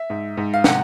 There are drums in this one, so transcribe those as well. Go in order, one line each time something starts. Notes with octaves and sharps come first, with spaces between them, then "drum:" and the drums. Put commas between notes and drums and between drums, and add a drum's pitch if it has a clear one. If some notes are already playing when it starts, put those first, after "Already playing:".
Already playing: E5
G#2
G#2
F5
C3 F#5, drum: snare